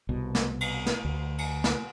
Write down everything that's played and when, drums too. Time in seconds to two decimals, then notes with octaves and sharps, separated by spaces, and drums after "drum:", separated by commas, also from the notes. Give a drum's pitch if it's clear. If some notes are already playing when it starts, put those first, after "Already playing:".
0.09 C2 B2
0.35 drum: snare
0.61 drum: cymbal
0.86 drum: snare
1.05 D2
1.38 drum: cymbal
1.64 drum: snare